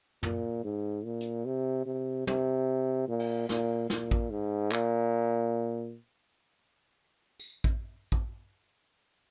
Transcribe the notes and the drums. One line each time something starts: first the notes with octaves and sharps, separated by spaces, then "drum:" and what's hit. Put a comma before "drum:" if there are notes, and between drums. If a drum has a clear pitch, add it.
A#2, drum: tom
G#2
A#2
drum: hi-hat
C3
C3
C3, drum: tom
A#2
drum: cymbal
A#2, drum: snare
A#2, drum: snare
drum: kick
G#2
A#2, drum: clap
drum: tambourine
drum: kick
drum: kick